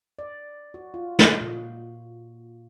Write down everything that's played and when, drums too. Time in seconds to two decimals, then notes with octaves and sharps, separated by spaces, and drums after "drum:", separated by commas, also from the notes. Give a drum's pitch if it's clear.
0.19 D5
0.74 F#4
0.94 F4
1.19 drum: snare
1.41 A#2